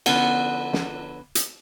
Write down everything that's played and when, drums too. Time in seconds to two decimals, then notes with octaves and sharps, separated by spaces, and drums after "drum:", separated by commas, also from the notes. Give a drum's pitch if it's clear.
0.06 D3 F3 B3 C#4 F#5, drum: cymbal
0.73 drum: snare
1.35 drum: hi-hat